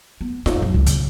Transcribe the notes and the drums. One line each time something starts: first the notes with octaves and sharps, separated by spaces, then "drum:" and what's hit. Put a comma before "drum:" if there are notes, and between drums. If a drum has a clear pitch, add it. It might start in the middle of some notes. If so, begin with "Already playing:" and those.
B3
D#4, drum: snare F4
F#2
C#2
C#3, drum: hi-hat